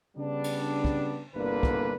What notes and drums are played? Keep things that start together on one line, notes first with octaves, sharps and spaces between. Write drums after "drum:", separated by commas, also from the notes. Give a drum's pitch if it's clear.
C#3 G3 B3 D4
drum: cymbal
drum: kick
G1 C2 D3 A#3 B4
drum: kick